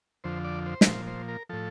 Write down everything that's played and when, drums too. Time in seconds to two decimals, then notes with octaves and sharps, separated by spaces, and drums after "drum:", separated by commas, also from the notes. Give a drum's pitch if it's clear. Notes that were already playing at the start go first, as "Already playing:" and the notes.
0.24 F2 D3 F3 C5
0.44 D5
0.66 C5
0.81 A#4, drum: snare
0.87 A#2 F3 C5
1.07 C5
1.28 A#4
1.49 A2 F3 A4